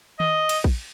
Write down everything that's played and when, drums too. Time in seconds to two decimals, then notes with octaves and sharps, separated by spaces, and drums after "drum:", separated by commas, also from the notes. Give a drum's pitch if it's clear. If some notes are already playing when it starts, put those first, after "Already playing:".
0.20 D#5, drum: tom D#3
0.49 drum: cymbal
0.64 drum: kick